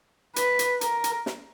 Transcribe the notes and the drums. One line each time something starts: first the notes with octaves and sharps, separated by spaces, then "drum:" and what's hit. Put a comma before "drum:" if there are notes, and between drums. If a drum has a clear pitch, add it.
B4, drum: hi-hat
drum: hi-hat
A#4, drum: hi-hat
drum: hi-hat
drum: snare